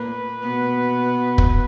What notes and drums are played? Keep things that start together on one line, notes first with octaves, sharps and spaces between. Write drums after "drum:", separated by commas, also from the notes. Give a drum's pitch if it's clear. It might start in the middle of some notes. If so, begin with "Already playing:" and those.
Already playing: A#2 A#3 B4
B2 B3
drum: kick